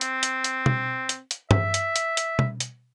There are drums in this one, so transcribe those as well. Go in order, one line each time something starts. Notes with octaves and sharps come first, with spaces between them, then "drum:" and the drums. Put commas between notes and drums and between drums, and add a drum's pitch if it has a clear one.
C4, drum: hi-hat
drum: hi-hat
drum: hi-hat
drum: tom
drum: hi-hat
drum: hi-hat
E5, drum: tom
drum: hi-hat
drum: hi-hat
drum: hi-hat
drum: tom
drum: hi-hat